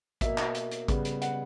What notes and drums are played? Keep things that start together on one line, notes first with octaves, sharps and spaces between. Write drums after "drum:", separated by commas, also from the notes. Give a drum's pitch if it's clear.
B2 A#3 E5, drum: kick A1, hi-hat
drum: clap
drum: hi-hat
drum: hi-hat
C#3 G3 B3, drum: kick A1, hi-hat
drum: hi-hat
F#5, drum: hi-hat